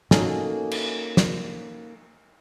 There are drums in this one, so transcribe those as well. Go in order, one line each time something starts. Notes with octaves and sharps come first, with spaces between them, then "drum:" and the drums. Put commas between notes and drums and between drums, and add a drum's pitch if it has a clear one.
A#3 C#4 D#4 F#4 G#4 A4, drum: snare
drum: cymbal
drum: snare